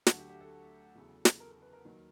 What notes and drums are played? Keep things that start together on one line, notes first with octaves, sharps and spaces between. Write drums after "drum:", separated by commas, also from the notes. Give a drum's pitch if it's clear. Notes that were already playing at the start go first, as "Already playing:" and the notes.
D2 D3 F#3 F#4, drum: snare
G4
G4
A4
E2 C#3 F#3
drum: snare
A#4
A#4
B4
A#4
D#2 D#3 F#3